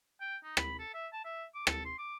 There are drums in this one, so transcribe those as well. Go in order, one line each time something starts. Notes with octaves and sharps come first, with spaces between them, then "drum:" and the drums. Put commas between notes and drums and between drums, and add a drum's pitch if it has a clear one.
G5
D#4
B5, drum: rim click
A4
E5
A5
E5
D6
A4, drum: rim click
C6
D6